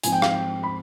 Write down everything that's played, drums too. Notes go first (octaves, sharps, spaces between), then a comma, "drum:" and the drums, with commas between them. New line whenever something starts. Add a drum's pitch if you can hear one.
G#2 F3 C4 G#5, drum: hi-hat
G5
F5, drum: rim click
G5
B5